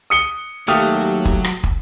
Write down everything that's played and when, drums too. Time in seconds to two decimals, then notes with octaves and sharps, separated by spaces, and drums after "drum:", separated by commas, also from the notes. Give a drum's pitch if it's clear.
0.10 D#6 C#7 G7
0.68 D#2 F#3 A3 G4 F5 D#6
1.25 drum: kick
1.44 drum: rim click
1.64 drum: kick